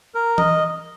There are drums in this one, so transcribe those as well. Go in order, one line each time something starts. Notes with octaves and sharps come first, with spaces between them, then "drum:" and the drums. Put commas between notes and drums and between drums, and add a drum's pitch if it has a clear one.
A#4
D#5, drum: tom E3